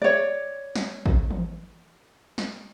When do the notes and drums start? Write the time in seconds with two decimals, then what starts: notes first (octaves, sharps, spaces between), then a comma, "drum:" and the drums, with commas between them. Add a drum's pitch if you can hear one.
0.02 C#5 D5
0.76 drum: snare
1.06 drum: kick
1.31 drum: tom E3
2.38 drum: snare